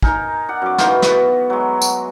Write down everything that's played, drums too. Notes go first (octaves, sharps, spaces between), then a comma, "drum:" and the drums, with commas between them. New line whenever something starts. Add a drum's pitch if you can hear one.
D#4 A#4 G#5, drum: kick
D5 F#5
F#2 D6
E3 A3 D#4 F4, drum: snare
B3 F#4 E5, drum: snare
F#3 G#3
drum: tambourine